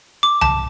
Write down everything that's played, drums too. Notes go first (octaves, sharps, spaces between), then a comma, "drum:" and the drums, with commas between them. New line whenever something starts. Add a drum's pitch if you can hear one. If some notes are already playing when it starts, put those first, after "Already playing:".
D6
A5, drum: tom C2